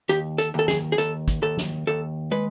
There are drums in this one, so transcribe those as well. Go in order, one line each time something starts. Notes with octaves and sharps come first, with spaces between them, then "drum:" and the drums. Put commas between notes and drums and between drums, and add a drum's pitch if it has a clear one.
D#2 G4, drum: hi-hat
A4, drum: hi-hat
D#2 A4
G#4, drum: snare
G#4
D#2 A4, drum: hi-hat
drum: kick, hi-hat
D#2 A4
drum: snare
D#2 A4
G#3 B4